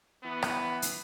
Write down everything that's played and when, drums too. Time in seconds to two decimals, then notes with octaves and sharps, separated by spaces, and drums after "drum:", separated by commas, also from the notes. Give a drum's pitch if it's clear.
0.23 E3 B3
0.43 drum: rim click
0.82 drum: hi-hat